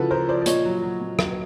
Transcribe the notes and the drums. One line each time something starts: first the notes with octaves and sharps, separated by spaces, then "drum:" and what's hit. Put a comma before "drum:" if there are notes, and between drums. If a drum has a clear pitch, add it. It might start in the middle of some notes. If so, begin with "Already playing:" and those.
Already playing: C#3 F3 E4 F#4 A4 B4
F3 A#4 C5
F3 C5 D5
D5
A#2 C#5 D#5, drum: hi-hat
F#3
F#3
A#2
F#3, drum: rim click